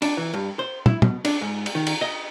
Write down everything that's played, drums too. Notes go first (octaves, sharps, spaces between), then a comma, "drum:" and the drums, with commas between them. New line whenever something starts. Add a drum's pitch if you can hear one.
D4, drum: cymbal
E3
G2
C5
E4, drum: tom
B2, drum: tom
D4, drum: cymbal
G#2
drum: cymbal
D#3
drum: cymbal
D#5